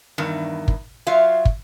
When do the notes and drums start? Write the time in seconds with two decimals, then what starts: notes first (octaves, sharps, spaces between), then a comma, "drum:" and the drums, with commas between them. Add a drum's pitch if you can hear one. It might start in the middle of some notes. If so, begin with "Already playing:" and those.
0.18 E2 G2 D#3
0.68 drum: kick
1.07 F#3 F4 E5 F5
1.45 drum: kick